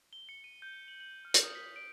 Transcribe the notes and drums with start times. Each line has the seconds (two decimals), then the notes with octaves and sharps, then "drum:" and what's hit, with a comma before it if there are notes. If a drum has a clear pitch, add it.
0.13 G7
0.29 C#7
0.44 D#7
0.62 G6
0.74 G7
0.88 F#7
1.00 F#7
1.25 F6
1.34 drum: hi-hat
1.44 D#6
1.55 B6
1.76 D7